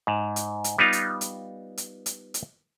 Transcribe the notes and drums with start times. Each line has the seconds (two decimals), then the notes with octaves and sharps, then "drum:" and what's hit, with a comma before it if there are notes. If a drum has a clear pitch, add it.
0.07 G#2
0.36 drum: hi-hat
0.64 drum: hi-hat
0.78 G3 B3 D#4 F4
0.93 drum: hi-hat
1.21 drum: hi-hat
1.77 drum: hi-hat
2.06 drum: hi-hat
2.34 drum: hi-hat